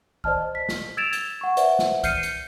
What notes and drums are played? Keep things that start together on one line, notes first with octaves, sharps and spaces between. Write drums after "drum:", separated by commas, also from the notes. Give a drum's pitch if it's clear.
C5 D5 D#5 A5 F6, drum: kick C2
B6
drum: snare
E6 G#6 A6 D7 E7 F7
drum: hi-hat
F#5 C#6
B4 C5 D5 E5 F#5, drum: hi-hat
drum: snare
F6 G6 C7 C#7 D#7, drum: kick C2, hi-hat
drum: hi-hat